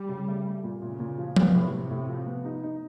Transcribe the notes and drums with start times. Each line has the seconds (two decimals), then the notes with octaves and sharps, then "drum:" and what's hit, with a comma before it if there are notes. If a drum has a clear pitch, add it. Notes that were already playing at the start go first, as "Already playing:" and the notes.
Already playing: G3
0.09 C#3
0.28 A3
0.45 A3
0.64 A#2
0.82 A#2 C#3
1.00 A#2
1.18 F3
1.36 C3 B3, drum: tom F3
1.55 A2
1.73 A2
1.90 A2
2.09 F3
2.27 B3
2.45 D#4
2.63 D#4